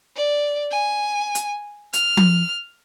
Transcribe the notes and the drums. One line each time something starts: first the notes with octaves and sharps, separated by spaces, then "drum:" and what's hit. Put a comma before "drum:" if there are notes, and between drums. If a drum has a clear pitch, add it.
D5
G#5
drum: hi-hat
F6, drum: hi-hat
drum: tom F3